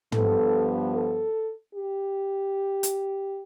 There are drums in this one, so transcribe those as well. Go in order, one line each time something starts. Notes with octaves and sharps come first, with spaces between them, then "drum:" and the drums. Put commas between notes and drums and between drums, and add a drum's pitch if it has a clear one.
G2 F3 B3 A4, drum: tom
A4
G4
drum: hi-hat